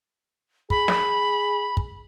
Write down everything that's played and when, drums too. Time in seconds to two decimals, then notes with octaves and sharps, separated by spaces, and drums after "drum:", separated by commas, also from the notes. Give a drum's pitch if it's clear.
0.70 G#4 B5, drum: kick
0.88 drum: snare
1.77 drum: kick